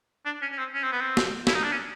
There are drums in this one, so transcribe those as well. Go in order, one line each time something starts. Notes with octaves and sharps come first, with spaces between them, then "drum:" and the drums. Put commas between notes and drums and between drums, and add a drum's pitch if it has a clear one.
D4
C#4
C#4
C4
C#4
C4
B3
C4
drum: snare
E4, drum: snare
D#4
D4
C#4